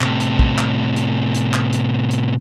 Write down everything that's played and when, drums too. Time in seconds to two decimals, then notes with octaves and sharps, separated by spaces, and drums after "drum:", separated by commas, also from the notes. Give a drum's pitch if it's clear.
0.01 A2 C3, drum: clap
0.20 drum: hi-hat
0.39 drum: kick
0.58 drum: clap
0.96 drum: hi-hat
1.35 drum: hi-hat
1.54 drum: clap
1.73 drum: hi-hat
2.11 drum: hi-hat